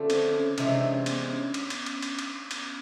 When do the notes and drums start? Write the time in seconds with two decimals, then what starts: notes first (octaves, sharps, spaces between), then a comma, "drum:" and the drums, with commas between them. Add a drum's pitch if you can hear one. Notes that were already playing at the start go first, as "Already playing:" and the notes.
Already playing: D3 F3 A3 C#4
0.10 C4, drum: cymbal
0.33 C#4
0.58 C3 E3 G#3 C#4, drum: cymbal
0.75 D4
0.81 C#4
1.06 B3, drum: cymbal
1.30 C#4
1.54 drum: cymbal
1.70 drum: cymbal
1.86 drum: cymbal
2.02 drum: cymbal
2.19 drum: cymbal
2.51 drum: cymbal